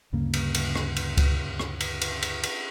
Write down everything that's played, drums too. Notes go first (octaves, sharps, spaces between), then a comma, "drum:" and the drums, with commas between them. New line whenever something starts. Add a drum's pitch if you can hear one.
D2 G2 C#3 A#3
drum: cymbal
drum: cymbal
drum: rim click
drum: cymbal
drum: kick C#2, cymbal
drum: rim click
drum: cymbal
drum: cymbal
drum: cymbal
drum: cymbal